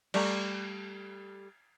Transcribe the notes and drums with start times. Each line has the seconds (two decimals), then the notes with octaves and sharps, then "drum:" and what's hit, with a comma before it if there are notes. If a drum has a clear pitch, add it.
0.14 G3 A3 A#5, drum: cymbal